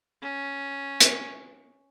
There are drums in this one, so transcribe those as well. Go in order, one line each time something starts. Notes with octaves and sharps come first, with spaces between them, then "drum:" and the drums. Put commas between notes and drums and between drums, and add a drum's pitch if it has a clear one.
C#4
drum: hi-hat